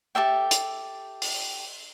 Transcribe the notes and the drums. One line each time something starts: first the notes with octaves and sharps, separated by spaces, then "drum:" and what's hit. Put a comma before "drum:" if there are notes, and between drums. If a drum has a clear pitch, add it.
G4 A4 E5 G5
drum: hi-hat
drum: open hi-hat